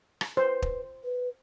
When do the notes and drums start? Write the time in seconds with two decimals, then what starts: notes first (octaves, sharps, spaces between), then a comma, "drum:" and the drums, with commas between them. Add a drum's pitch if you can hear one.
0.21 drum: rim click
0.37 B4 C5
0.62 drum: kick
1.04 B4